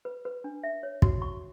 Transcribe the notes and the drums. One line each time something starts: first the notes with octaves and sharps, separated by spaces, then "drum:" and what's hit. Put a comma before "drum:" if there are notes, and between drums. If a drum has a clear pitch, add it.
B4
B4
D4
E5
C#5
F#4, drum: kick
C#6